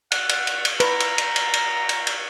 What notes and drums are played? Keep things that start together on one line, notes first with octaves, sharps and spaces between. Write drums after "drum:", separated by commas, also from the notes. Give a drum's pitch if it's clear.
F#5, drum: cymbal
drum: cymbal
drum: cymbal
drum: cymbal
B4 A#5, drum: cymbal
drum: cymbal
drum: cymbal
drum: cymbal
drum: cymbal
drum: cymbal
drum: cymbal